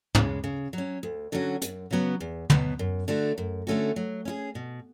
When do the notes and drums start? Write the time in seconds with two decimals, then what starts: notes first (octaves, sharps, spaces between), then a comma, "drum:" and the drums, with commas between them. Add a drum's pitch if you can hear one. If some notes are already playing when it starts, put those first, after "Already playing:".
0.15 C#3 G#3, drum: tom
0.44 C#3
0.73 F#3
0.78 C#4
1.03 D2
1.32 D3 F#3 C#4 F#4
1.62 F#2, drum: hi-hat
1.91 C#3 F#3 B3
2.20 E2
2.50 B2 F#3 B3, drum: tom
2.79 F#2
3.08 D3 A3 D4 F#4
3.38 F#2
3.67 D3 A3 C#4 F#4
3.96 F#3
4.25 C#4 E4 G#4
4.55 B2